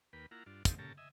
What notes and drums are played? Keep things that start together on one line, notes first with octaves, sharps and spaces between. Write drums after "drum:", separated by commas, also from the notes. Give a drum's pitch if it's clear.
D#2 A#3 B4 G5 B5
A#3 E4 F4 F#5 A#5
G2 D4 F4
E3 C4 D#4 G4 A4, drum: kick, hi-hat
A#2 C#4 G4 A4 A5 A#5
D#5 E5 G#5